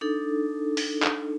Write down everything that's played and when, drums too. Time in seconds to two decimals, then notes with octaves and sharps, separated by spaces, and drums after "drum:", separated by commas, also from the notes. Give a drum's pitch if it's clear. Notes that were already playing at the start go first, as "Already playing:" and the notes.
0.01 D4 D#4 A4
0.77 drum: open hi-hat
1.02 drum: clap